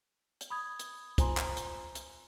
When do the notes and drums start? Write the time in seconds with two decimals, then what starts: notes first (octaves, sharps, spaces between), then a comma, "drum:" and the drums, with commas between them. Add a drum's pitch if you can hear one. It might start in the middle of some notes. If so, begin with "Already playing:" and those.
0.41 drum: hi-hat
0.50 B5 D#6 G#6
0.79 drum: hi-hat
1.18 F4 C5 G#5 A#5 C6, drum: kick, hi-hat
1.37 drum: clap
1.57 drum: hi-hat
1.95 drum: hi-hat